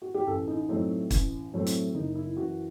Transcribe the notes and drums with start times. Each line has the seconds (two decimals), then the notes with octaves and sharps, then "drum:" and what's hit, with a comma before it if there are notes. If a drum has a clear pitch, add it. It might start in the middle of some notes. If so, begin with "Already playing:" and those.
0.02 F#4
0.14 G4
0.27 A1 A4
0.48 D#4
0.69 A2 F#3 A3 C4 D#4
1.11 A1, drum: kick, hi-hat
1.53 A2 F#3 A3 C4
1.67 drum: hi-hat
1.94 F#1 D#4
2.15 E4
2.37 F#2 E3 F#4